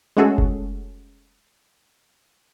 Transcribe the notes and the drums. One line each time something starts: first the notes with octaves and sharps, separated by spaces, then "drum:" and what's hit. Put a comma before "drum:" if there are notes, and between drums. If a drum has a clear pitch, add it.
G#3 A3 C#4 F#4 G#4 A4
drum: kick F#1